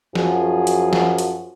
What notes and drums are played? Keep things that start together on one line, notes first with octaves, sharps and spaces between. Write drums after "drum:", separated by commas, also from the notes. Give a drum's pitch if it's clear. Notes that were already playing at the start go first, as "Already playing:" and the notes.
F#2 F3 F#4 G#4, drum: snare
drum: hi-hat
drum: snare
drum: hi-hat